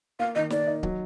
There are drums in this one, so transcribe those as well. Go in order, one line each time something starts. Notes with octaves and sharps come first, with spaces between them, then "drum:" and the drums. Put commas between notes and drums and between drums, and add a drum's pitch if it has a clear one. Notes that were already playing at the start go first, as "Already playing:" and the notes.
A#3 F5
D#3 D#5
A#3 D5, drum: snare
D#4
F#3, drum: kick